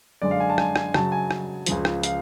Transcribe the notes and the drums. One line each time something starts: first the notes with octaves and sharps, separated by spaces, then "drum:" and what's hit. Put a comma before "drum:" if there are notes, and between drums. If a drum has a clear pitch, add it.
F#2 D3 G#3 D5
F5
G#5
A5
G#5, drum: rim click
G#5, drum: rim click
F#2 C#3 F#3 A5, drum: rim click
G#5
drum: rim click
C#2 C#3 F3, drum: hi-hat
drum: rim click
F5, drum: hi-hat